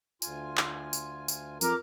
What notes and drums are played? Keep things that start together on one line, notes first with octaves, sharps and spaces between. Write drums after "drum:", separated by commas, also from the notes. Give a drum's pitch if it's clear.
D2 F4 G#5, drum: tambourine
drum: clap
drum: tambourine
drum: tambourine
F2 A#4 A#5 D6, drum: tambourine